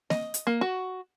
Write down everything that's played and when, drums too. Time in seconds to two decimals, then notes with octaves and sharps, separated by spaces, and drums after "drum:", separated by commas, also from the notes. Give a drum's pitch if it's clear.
0.10 D#5, drum: snare A#3
0.34 drum: hi-hat
0.47 A#3
0.61 F#4